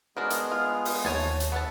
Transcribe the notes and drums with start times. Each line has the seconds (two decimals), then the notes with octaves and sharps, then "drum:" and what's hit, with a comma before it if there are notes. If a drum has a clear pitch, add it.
0.17 G#3 B3 D4 F#4 G#4 A#4
0.30 drum: hi-hat
0.52 F4
0.85 drum: open hi-hat
1.05 D#2 C#5 G#5 A5
1.40 drum: hi-hat
1.52 B3 E5 F#5 A5